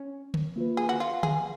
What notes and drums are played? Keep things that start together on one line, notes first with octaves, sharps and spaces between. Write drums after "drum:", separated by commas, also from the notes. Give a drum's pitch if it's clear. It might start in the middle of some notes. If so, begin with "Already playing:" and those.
Already playing: C#4
drum: tom
A#3 F4 B4
G#4
F#4
F4
G#4, drum: tom D3